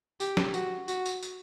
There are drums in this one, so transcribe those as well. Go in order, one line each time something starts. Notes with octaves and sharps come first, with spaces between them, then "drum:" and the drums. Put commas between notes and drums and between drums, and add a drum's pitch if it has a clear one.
G4, drum: tambourine
drum: snare
F#4, drum: tambourine
F#4, drum: tambourine
drum: tambourine
drum: tambourine